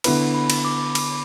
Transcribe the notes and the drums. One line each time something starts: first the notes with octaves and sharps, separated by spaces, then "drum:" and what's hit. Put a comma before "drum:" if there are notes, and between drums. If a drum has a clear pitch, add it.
D3 B3 E4 B4 B5, drum: cymbal
B5
drum: cymbal
D6
B5, drum: cymbal